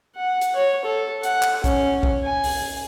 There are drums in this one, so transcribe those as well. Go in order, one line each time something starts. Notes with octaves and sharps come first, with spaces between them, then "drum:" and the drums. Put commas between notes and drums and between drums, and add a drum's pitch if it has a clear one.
F#5
drum: hi-hat
C#5
A4
F#5, drum: hi-hat
drum: clap
C#4, drum: kick, hi-hat
drum: kick
G#5
drum: open hi-hat